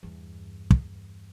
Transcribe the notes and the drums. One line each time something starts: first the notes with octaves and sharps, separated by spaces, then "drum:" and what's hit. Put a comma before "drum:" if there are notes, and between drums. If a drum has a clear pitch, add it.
E2 G2
drum: kick